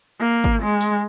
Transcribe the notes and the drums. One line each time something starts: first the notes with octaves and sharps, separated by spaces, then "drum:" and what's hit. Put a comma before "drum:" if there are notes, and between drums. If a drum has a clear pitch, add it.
A#3
drum: kick G#1
G#3
drum: tambourine